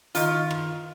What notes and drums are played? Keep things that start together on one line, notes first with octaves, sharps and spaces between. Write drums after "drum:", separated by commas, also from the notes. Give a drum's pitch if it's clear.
D#3 F4, drum: hi-hat
drum: rim click